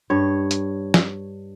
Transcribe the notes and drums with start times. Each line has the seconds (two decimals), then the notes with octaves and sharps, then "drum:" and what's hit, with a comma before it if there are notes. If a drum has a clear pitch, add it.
0.10 G2 C#5
0.51 drum: hi-hat
0.94 drum: snare